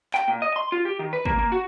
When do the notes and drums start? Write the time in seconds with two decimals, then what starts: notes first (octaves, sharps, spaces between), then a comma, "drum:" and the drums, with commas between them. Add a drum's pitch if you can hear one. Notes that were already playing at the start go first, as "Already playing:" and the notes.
0.14 G5, drum: clap
0.28 A#2
0.42 D#5
0.56 C6
0.72 F4
0.85 G4
0.99 D#3
1.13 B4
1.25 A#3, drum: kick
1.39 A#3
1.52 F#4